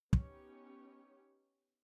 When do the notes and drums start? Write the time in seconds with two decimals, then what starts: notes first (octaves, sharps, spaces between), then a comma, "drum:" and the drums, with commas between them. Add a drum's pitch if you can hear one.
0.13 B3 C#4 D#4 G4 C#5, drum: kick